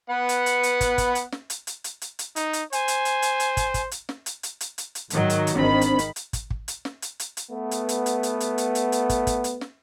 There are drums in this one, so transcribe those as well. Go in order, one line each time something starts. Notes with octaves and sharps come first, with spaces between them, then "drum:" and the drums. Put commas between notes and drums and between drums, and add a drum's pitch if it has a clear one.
B3 B4 F#5
drum: hi-hat
drum: hi-hat
drum: hi-hat
drum: kick, hi-hat
drum: kick, hi-hat
drum: hi-hat
drum: snare
drum: hi-hat
drum: hi-hat
drum: hi-hat
drum: hi-hat
drum: hi-hat
D#4, drum: hi-hat
drum: hi-hat
C5 G#5, drum: hi-hat
drum: hi-hat
drum: hi-hat
drum: hi-hat
drum: hi-hat
drum: kick, hi-hat
drum: kick, hi-hat
drum: hi-hat
drum: snare
drum: hi-hat
drum: hi-hat
drum: hi-hat
drum: hi-hat
drum: hi-hat
G#2 D#3 F#3, drum: hi-hat
drum: hi-hat
drum: hi-hat
G#1 D#3 C4 D4 C5 B5
drum: hi-hat
drum: hi-hat
drum: hi-hat
drum: kick, hi-hat
drum: kick
drum: hi-hat
drum: snare
drum: hi-hat
drum: hi-hat
drum: hi-hat
A3 B3
drum: hi-hat
drum: hi-hat
drum: hi-hat
drum: hi-hat
drum: hi-hat
drum: hi-hat
drum: hi-hat
drum: hi-hat
drum: kick, hi-hat
drum: kick, hi-hat
drum: hi-hat
drum: snare